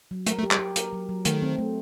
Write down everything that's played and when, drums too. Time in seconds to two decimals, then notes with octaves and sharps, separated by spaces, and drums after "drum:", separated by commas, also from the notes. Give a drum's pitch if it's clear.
0.11 F#3
0.27 A3 A#4, drum: hi-hat
0.39 A3
0.43 G4
0.51 G3, drum: clap
0.59 G4
0.76 A#4, drum: hi-hat
0.92 F#3
1.09 F#3
1.25 D#3 A3, drum: hi-hat
1.42 C4
1.58 A3